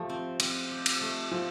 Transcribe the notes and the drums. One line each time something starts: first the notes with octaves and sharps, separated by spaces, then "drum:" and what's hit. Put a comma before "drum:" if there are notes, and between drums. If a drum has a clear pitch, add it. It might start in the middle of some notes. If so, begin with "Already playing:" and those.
Already playing: F3 A3 G4
C4
C4, drum: cymbal
G4
drum: cymbal
A3
F3 C4